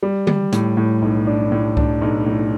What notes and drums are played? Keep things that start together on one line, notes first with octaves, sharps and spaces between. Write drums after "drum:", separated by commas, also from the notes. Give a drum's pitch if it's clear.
G3
G3, drum: tom D3
A2, drum: hi-hat
A2
B1
D4
A2
D4, drum: kick C#2
B1
A2